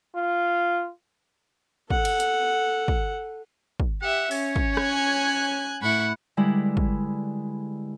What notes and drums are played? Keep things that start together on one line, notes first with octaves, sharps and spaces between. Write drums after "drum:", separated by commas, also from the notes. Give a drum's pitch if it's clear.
F4
A4 F#5, drum: kick
drum: cymbal
drum: hi-hat
drum: kick
drum: kick
G4 E5 F#5
C#4 C#5, drum: open hi-hat
drum: kick
G#5 F#6 G#6, drum: rim click
A2 E4 F#5 B5 C#6
D3 G3 G#3 E4 B4
drum: kick